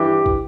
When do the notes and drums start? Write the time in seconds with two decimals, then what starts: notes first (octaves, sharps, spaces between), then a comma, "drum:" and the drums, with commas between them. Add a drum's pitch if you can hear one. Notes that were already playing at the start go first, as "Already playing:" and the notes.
Already playing: G2 E3 G4
0.26 drum: kick